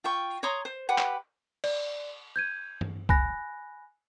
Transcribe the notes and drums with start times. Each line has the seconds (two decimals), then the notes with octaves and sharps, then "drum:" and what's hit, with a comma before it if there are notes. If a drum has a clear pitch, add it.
0.04 F4 G5 C#6
0.43 C#5 A#5 C6 D#6
0.65 C5
0.89 G4 B4 F#5
0.98 drum: clap
1.64 D5, drum: cymbal
2.36 G6 G#6 D#7
2.81 drum: tom G2
3.09 G#5 B5 F#6 A#6, drum: kick C2